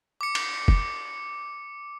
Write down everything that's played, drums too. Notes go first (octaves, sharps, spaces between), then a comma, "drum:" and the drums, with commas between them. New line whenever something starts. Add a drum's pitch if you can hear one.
D6 C#7
drum: cymbal
drum: kick F1